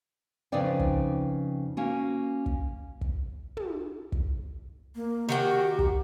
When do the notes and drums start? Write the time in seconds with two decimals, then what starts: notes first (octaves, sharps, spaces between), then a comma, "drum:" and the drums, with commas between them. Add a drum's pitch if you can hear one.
0.52 F2 C#3 D#4 B4 D5 G5
0.79 drum: kick
1.77 A#3 C#4 F#4
2.46 drum: kick
3.01 drum: kick
3.57 drum: tom
4.12 drum: kick
4.95 A#3
5.29 D#3 F#4 G4 G5
5.79 drum: kick